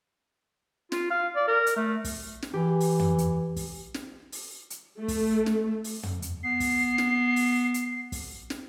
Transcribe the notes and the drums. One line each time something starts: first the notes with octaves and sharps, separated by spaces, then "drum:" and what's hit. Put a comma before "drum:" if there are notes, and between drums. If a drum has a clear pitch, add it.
F4, drum: snare
F5
D5
A#4
drum: hi-hat
A3
drum: kick, open hi-hat
drum: snare
E3 G4
drum: open hi-hat
drum: tom
drum: hi-hat
drum: kick, open hi-hat
drum: snare
drum: open hi-hat
drum: hi-hat
A3
drum: kick, open hi-hat
drum: snare
drum: open hi-hat
drum: tom
drum: hi-hat
B3 C7
drum: kick, open hi-hat
drum: snare
drum: open hi-hat
drum: hi-hat
drum: kick, open hi-hat
drum: snare